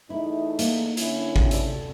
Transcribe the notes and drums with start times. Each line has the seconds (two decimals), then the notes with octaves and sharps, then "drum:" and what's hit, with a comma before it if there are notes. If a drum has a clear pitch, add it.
0.10 E2 A3 D#4 E4
0.59 A#3, drum: hi-hat
0.97 D3 C#4 E4, drum: hi-hat
1.36 drum: kick A1
1.51 A4 D5, drum: hi-hat